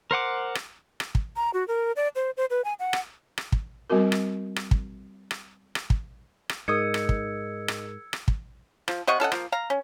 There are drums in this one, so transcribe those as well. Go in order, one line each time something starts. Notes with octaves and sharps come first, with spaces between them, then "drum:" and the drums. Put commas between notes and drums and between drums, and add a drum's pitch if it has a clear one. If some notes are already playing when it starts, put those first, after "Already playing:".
A#4 C5 F#5 D6
drum: rim click
drum: rim click
drum: kick
A#5
F#4
A#4
D5
C5
C5
B4
G#5
F#5
drum: rim click
drum: rim click
drum: kick
G3 B3 C4 F#4 A#4
drum: rim click
drum: rim click
drum: kick
drum: rim click
drum: rim click
drum: kick
drum: rim click
G#2 D#4 G#4 A#4 D#6 E6 G#6 C#7
drum: rim click
drum: kick
drum: rim click
drum: rim click
drum: kick
F3, drum: rim click
C3 D#5 F#5 C#6
C#4 A4 D#5 F#5
F3 A#3, drum: rim click
F5 A#5
C#4